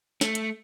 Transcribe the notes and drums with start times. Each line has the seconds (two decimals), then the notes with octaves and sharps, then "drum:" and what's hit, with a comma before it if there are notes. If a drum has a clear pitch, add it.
0.21 A3, drum: snare
0.35 drum: hi-hat